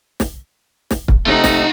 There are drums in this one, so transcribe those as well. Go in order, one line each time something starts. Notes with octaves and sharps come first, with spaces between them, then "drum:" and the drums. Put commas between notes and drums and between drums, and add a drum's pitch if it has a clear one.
drum: snare
drum: snare
drum: kick
C3 A3 D#4 F4 F#5
drum: snare